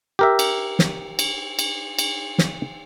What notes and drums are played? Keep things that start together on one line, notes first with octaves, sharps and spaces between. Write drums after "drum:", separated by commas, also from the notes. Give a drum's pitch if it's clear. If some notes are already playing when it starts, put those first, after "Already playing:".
G4 A#4 E5
drum: cymbal
drum: snare
drum: cymbal
drum: cymbal
drum: cymbal
drum: snare